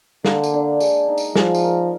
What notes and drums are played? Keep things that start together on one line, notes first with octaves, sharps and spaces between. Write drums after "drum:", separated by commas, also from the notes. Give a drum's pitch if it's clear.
D3 A#3, drum: snare
drum: tambourine
D4
G#3, drum: tambourine
D#4
drum: tambourine
F3 G#3, drum: snare
drum: tambourine
A#4